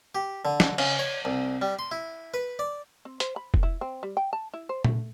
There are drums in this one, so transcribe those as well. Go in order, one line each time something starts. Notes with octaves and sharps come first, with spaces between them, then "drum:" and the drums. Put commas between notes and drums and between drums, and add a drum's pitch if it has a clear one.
G4
D3
drum: snare
C#3, drum: cymbal
C#5
C2
G3
C6
E4
B4
D5
C4
C5, drum: hi-hat
B5
drum: kick F1
E4
C4
G3
G5
A5
E4
C5
A3, drum: tom A#2